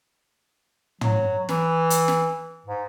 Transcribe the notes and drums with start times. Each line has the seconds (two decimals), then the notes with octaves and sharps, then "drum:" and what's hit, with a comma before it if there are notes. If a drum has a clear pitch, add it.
1.01 F#3, drum: tom
1.49 E3, drum: snare
1.90 drum: hi-hat
2.08 drum: snare
2.66 G#2